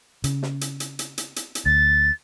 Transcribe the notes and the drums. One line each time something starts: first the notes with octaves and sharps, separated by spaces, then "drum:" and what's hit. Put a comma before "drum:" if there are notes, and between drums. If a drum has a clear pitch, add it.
C#3, drum: hi-hat
drum: snare
drum: hi-hat
drum: hi-hat
drum: hi-hat
drum: hi-hat
drum: hi-hat
drum: hi-hat
D2 A6